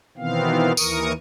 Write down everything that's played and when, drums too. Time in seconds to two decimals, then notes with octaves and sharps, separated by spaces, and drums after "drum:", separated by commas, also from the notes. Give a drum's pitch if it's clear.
0.18 B2 D#3 E3 B3 C4 F5
0.77 D#2 E3 A#4 C#6 D#6, drum: tambourine